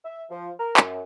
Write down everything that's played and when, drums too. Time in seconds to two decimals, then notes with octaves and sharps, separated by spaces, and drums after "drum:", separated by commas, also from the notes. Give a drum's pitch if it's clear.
0.04 E5
0.30 F3
0.60 A#4
0.77 F#2, drum: clap